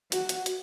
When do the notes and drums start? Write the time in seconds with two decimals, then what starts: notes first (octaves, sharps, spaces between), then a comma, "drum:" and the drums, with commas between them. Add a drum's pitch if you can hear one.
0.12 F#4, drum: hi-hat
0.29 drum: hi-hat
0.46 drum: hi-hat